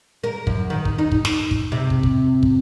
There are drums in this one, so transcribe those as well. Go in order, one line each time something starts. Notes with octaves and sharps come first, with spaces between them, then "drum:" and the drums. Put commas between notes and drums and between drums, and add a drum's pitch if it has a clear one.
A#4
F#2, drum: kick
D#3
drum: kick
D#4
drum: kick
drum: snare
drum: kick
C3
drum: kick
drum: kick
drum: kick